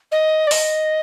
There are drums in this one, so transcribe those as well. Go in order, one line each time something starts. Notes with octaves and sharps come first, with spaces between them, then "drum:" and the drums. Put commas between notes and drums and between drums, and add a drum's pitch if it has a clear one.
D#5
D5
D#5, drum: open hi-hat